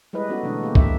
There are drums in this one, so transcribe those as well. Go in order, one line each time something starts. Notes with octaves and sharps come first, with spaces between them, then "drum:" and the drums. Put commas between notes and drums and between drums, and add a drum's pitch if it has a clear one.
G3 G#3 E4 G4 B4 D#5
B3 C#4 D#4 F#4 A4
B2 D3 E3 A3 D4
A#3 G4
E3 D4 E5, drum: kick